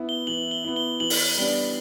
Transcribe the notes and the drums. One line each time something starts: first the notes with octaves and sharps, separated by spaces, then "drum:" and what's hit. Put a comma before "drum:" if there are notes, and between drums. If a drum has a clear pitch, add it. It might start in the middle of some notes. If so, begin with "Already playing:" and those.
Already playing: B3 E4
G7
E3 F#7
G7
B3 E4
G7
E3 F#7
drum: open hi-hat
G3 B3 D4 G7